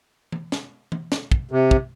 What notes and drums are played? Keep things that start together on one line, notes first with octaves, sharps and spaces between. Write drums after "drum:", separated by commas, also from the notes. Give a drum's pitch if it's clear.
drum: tom
drum: snare
drum: tom
drum: snare
drum: kick
C3
drum: kick